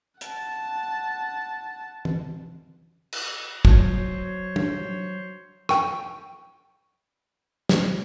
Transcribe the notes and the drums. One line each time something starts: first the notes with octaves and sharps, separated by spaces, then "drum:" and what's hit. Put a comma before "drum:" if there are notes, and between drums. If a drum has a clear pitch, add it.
F#5 A5, drum: hi-hat
drum: tom
drum: cymbal
F#3 C5 C#5, drum: kick
drum: tom
G5 C#6, drum: rim click
drum: snare